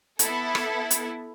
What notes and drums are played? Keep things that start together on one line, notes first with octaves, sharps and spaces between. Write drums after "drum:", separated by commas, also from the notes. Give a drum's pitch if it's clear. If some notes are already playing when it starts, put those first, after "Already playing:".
B3 E4 A4, drum: hi-hat
drum: rim click
drum: hi-hat